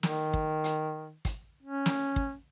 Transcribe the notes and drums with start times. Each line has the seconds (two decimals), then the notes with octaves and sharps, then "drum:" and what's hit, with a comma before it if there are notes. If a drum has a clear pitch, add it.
0.03 D#3, drum: snare
0.33 drum: kick
0.64 drum: hi-hat
1.25 drum: kick, hi-hat
1.63 C#4
1.86 drum: snare
2.16 drum: kick